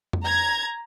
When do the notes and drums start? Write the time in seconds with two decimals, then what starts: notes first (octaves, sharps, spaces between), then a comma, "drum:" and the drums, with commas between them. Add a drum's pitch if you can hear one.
0.13 drum: tom F2
0.23 A#5 G#6